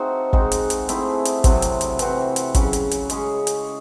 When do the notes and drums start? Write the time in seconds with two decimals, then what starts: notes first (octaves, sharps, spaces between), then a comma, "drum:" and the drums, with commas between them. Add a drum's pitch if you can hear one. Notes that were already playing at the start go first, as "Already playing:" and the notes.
Already playing: A3 C4 D#4 F#4 G#4 C5
0.33 G#3 C4 D#4 F#4, drum: kick
0.52 drum: hi-hat
0.70 drum: hi-hat
0.89 A3 C4 E4 G#4, drum: hi-hat
1.25 drum: hi-hat
1.44 C3 F#3 C4, drum: kick, hi-hat
1.62 drum: hi-hat
1.81 drum: hi-hat
1.99 E3 C4 F#4, drum: hi-hat
2.36 drum: hi-hat
2.55 C#3 F#3 C#4, drum: kick, hi-hat
2.73 drum: hi-hat
2.91 drum: hi-hat
3.10 G#3 C#4 G#4, drum: hi-hat
3.47 drum: hi-hat